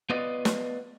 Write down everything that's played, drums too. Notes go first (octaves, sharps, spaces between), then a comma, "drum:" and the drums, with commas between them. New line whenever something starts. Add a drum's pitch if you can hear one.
B3 F4 B4 D5 D#5
drum: snare